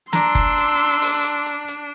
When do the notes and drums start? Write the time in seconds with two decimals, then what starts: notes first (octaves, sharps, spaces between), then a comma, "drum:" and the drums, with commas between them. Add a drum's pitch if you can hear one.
0.13 D4 A#5 C6 E6, drum: snare
0.35 drum: kick F#1, hi-hat
0.57 drum: hi-hat
1.02 drum: open hi-hat
1.24 drum: hi-hat
1.46 drum: hi-hat
1.68 drum: hi-hat